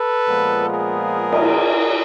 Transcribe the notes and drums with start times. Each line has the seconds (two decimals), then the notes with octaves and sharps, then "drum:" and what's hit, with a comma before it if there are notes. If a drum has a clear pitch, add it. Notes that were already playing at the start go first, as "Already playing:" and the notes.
Already playing: A4 B4
0.28 A#2 F3 G#3 B3
0.69 G#4 A#4
1.33 drum: cymbal